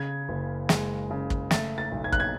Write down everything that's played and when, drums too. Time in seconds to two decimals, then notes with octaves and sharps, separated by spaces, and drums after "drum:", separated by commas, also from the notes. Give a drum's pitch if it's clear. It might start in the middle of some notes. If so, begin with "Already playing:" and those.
Already playing: C#3 G#6
0.29 F#1
0.69 G#3, drum: snare
1.11 C#3
1.30 drum: kick
1.51 A3 A6, drum: snare
1.78 A6
1.92 B1
2.04 G#6
2.12 F#6, drum: kick
2.20 G#6